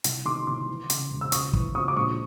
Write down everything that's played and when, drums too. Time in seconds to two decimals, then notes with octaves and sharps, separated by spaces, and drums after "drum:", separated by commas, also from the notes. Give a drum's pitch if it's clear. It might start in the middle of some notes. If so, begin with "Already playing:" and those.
0.04 C2, drum: hi-hat
0.25 D#3 C6 D6
0.47 C2 C6 D6
0.69 E3
0.90 C#3, drum: hi-hat
1.11 E1
1.21 E6
1.32 C#2 C#6 D#6, drum: hi-hat
1.54 E3, drum: kick
1.75 C#2 C#6 D#6
1.88 D6
1.97 A#1 C#6 D#6